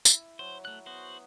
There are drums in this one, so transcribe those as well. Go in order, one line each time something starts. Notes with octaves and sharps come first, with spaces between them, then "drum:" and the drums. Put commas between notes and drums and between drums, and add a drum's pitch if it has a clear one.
E4, drum: tambourine
F#3 C5
A3 F#6
B3 F#4 C5